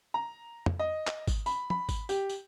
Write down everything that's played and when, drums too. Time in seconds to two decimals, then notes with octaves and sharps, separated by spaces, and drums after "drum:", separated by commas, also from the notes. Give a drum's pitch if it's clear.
0.14 A#5
0.66 drum: tom
0.79 D#5
1.07 drum: clap
1.27 drum: kick G#1, tambourine
1.46 B5, drum: tambourine
1.70 B5, drum: tom
1.89 drum: kick G#1, tambourine
2.09 G4, drum: tambourine
2.29 drum: tambourine